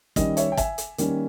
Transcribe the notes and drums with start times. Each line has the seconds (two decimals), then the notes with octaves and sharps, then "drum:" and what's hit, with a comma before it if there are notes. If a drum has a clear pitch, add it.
0.16 D#3 G3 C#4 D#5, drum: kick, hi-hat
0.37 C#5 E5, drum: hi-hat
0.52 G5
0.57 E5 G#5, drum: kick, hi-hat
0.78 drum: hi-hat
0.98 D#3 G3 A#3 C#4, drum: hi-hat